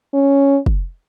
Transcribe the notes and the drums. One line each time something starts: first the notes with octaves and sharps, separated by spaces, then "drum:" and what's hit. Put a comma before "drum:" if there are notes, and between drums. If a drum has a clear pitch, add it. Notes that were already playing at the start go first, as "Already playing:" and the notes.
C#4
drum: kick